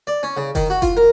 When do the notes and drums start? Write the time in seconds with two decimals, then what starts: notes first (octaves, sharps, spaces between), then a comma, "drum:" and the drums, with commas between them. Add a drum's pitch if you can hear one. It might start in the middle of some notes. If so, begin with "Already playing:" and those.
0.07 D5
0.23 C#4
0.37 C#3
0.55 D#3, drum: kick F1, open hi-hat
0.70 F#4
0.82 F4, drum: kick F1, hi-hat
0.97 A#4